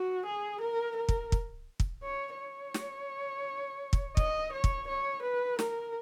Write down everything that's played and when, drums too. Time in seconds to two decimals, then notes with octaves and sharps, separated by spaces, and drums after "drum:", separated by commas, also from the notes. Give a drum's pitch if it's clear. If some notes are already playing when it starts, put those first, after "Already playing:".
Already playing: F#4
0.25 G#4
0.61 A#4
0.96 A#4
1.09 drum: kick
1.32 drum: kick
1.80 drum: kick
2.03 C#5
2.38 C#5
2.74 drum: snare
3.93 drum: kick
4.17 D#5, drum: kick
4.52 C#5
4.64 drum: kick
4.88 C#5
5.23 B4
5.59 A#4, drum: snare